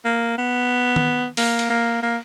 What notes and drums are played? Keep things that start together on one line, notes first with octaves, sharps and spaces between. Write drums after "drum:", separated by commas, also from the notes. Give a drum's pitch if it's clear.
A#3
B3
drum: tom
A#3, drum: open hi-hat
drum: cymbal
A#3
A#3